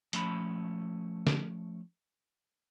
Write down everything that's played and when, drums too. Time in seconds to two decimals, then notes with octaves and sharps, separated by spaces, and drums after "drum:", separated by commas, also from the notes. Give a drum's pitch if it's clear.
0.13 F3 A3 C#4 B5, drum: hi-hat
1.27 drum: snare D3